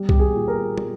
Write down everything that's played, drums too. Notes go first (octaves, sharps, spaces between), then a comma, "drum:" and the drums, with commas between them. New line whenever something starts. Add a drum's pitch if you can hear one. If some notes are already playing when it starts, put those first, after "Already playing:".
Already playing: G3
G4, drum: kick C2
G#4
A#2
A#4
G3, drum: tom